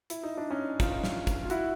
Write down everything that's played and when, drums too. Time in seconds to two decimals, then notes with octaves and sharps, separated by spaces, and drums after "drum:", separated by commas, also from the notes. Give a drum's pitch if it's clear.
0.10 E4, drum: hi-hat
0.23 D#4
0.37 D4
0.50 C#4 D#4
0.80 D#4 F4, drum: kick, hi-hat
1.04 drum: snare
1.27 drum: kick, hi-hat
1.45 F4
1.50 E4 F#4, drum: hi-hat